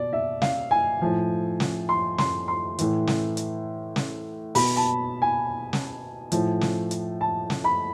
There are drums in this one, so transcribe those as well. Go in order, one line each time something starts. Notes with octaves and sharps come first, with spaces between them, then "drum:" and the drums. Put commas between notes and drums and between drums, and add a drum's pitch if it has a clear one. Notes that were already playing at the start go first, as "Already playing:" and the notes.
Already playing: B2 D5
E5
F5, drum: snare
G#5
A2 F3
drum: snare
C6
C6, drum: snare
C6
A2 E3, drum: hi-hat
drum: snare
drum: hi-hat
drum: snare
B2 B5, drum: open hi-hat
A5
G#5
drum: snare
A2 F3, drum: hi-hat
drum: snare
drum: hi-hat
A5
drum: snare
B5